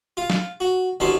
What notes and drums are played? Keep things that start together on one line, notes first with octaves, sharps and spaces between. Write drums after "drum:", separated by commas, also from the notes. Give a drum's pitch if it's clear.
F4
drum: snare
F#4
A1 D2 C#4 A5 C6